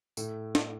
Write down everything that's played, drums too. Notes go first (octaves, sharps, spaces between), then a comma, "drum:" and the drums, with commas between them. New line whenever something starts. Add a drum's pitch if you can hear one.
A2 A3, drum: tambourine
drum: snare